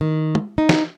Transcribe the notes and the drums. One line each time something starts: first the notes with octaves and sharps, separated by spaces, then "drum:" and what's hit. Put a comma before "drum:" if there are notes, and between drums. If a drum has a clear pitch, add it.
D#3
drum: tom
D#4
drum: snare